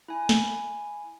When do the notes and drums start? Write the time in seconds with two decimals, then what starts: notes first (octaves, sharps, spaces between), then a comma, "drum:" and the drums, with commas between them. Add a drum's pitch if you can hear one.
0.08 E4 G#5
0.29 drum: snare